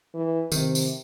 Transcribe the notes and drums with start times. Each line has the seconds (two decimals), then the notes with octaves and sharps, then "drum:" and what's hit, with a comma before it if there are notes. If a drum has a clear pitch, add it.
0.15 E3
0.52 C3 D#3, drum: tambourine
0.75 drum: tambourine